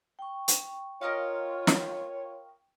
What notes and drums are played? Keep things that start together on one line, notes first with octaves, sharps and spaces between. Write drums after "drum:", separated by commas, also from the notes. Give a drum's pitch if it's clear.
G5 C#6
drum: hi-hat
F4 A#4 C#5 D#5 F5
drum: snare